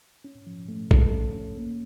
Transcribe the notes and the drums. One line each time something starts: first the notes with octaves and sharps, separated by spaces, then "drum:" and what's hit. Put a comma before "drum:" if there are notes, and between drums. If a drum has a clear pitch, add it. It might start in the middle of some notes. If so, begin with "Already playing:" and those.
C#4
F3
A3
A4, drum: kick A1
C#4
C#4
A#3